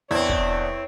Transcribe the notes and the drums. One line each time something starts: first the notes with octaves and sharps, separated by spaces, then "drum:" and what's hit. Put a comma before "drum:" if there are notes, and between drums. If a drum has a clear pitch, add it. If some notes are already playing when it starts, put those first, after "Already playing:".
E2 C4 D4 E4 C#5
drum: kick